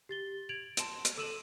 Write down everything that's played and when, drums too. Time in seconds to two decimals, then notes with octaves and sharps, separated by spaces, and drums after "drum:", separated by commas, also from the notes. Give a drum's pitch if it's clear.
0.09 G4 A6 G7
0.49 G#6 D7 F7 F#7
0.77 A5 C6 D7 E7, drum: hi-hat
1.05 drum: hi-hat
1.17 A4 E6 D#7 E7 F#7